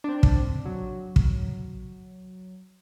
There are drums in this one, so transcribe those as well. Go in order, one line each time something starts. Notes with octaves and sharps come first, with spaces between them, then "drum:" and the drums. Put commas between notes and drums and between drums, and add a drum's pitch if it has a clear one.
C4 D4
drum: kick
F#3
drum: kick